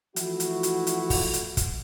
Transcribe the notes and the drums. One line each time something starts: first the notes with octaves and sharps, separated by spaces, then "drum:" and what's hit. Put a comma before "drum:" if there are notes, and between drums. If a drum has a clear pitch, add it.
E3 F3 A3 E4 F#4, drum: hi-hat
drum: hi-hat
drum: hi-hat
drum: hi-hat
drum: kick, open hi-hat
drum: hi-hat
drum: kick, hi-hat